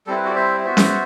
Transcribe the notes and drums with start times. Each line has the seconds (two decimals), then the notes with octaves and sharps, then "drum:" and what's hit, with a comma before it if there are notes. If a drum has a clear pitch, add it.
0.07 G3 C4 E4 A4
0.16 B4
0.24 F#4 A4
0.30 D5
0.36 C5 E5
0.65 B3 F#4 C5 E5
0.77 drum: snare C#4